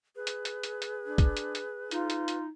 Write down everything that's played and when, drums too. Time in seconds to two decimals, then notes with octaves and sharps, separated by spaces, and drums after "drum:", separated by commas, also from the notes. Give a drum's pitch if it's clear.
0.16 G#4 B4
0.27 drum: hi-hat
0.45 drum: hi-hat
0.63 drum: hi-hat
0.82 drum: hi-hat
1.06 D4
1.18 drum: kick, hi-hat
1.37 drum: hi-hat
1.55 drum: hi-hat
1.91 D#4 F4, drum: hi-hat
2.10 drum: hi-hat
2.28 drum: hi-hat